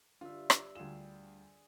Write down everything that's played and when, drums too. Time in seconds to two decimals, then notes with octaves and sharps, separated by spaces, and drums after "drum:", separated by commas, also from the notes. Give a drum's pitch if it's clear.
0.21 G2 D3 F4 E5
0.50 drum: rim click
0.75 D2 G3 F4 G#4 C6 E7